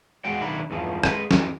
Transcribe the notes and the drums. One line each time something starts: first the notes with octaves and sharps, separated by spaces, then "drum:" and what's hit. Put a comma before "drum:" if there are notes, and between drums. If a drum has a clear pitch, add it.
E2 G#3 F#4 G5
B1 D#3 D4 E4 B5
E2 G2 E3 F3
G#3 A#4 B4, drum: rim click
F2 E3, drum: snare